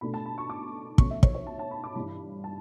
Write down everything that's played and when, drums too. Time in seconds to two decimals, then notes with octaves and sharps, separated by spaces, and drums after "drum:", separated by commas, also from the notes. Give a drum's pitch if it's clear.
0.01 B2 A3 D4 B5
0.14 A5
0.25 B5
0.38 C#6
0.50 D6
0.98 B2 A3 C#4 C#6, drum: kick
1.10 E5
1.23 C#5, drum: kick
1.34 C#5
1.47 A5
1.59 A5
1.71 B5
1.84 D6
1.95 G2 E3 G3 B5
2.44 A5